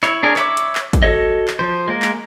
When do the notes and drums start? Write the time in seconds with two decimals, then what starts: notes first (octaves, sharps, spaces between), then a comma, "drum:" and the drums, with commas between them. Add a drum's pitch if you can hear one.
0.03 E4 C#5, drum: clap
0.23 D4 G#4 A#4 C#5
0.36 C#5 E5 B5 D6, drum: clap
0.57 drum: hi-hat
0.75 drum: clap
0.93 drum: kick, hi-hat
1.03 F#4 A4 C#5 D#5
1.48 drum: clap
1.59 F3 C5
1.88 G#3 A#3 A#4
2.02 drum: clap